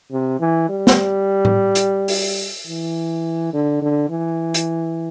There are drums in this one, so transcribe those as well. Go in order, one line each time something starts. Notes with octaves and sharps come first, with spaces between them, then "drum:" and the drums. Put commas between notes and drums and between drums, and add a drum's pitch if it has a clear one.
C3
E3
G3
drum: snare
drum: tom A2
drum: hi-hat
drum: open hi-hat
E3
D3
D3
E3
drum: hi-hat